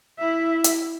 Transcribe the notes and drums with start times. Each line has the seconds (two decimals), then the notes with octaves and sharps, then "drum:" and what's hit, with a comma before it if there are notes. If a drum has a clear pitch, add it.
0.18 E4 E5
0.64 drum: hi-hat